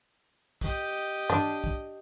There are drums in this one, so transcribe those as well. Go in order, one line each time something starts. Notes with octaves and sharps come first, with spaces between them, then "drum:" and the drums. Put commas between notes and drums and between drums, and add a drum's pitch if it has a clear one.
G4 D#5, drum: kick
D4, drum: tom G2
drum: kick